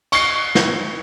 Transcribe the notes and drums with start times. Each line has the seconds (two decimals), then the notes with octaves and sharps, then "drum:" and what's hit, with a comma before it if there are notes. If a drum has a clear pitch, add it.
0.12 C#6 C7, drum: cymbal
0.55 drum: snare